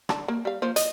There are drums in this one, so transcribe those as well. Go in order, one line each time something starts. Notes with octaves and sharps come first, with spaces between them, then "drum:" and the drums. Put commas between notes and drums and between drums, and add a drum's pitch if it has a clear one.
D3 A5, drum: rim click
A#3
G3 F5
F3 A#3 C5
D#5, drum: hi-hat